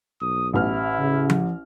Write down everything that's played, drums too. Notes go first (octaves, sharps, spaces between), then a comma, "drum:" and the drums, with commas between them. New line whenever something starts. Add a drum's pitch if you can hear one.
B1 D#6
A1 E4 F6
C#3
drum: tom F3